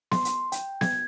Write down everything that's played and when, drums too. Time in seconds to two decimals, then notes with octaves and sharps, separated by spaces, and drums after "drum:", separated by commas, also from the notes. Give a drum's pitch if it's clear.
0.11 C6, drum: snare B3
0.25 drum: hi-hat
0.52 G5, drum: hi-hat
0.81 G#6, drum: snare B3